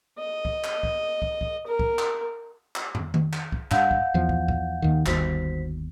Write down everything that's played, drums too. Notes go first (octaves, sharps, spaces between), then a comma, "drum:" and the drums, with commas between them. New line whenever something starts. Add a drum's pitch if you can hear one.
D#5
drum: kick
drum: clap
drum: kick
drum: kick
drum: kick
A#4
drum: kick
drum: clap
drum: clap
drum: tom
drum: tom D#3
drum: clap
drum: kick
G2 F5 F#5 G6, drum: clap
drum: kick
E2 F3
drum: kick
drum: kick
D#2 D#3
G1 D#2 F#4 C5 B6, drum: clap